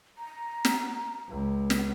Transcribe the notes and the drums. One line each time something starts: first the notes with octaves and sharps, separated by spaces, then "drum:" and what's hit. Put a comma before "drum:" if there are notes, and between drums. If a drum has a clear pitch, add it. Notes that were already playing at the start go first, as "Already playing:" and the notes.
A#5
drum: snare
C#2
drum: snare